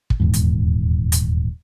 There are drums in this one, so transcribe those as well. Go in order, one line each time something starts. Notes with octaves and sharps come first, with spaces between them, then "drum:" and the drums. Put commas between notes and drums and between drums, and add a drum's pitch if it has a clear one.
drum: kick
D#1 E2 G#2
drum: hi-hat
drum: hi-hat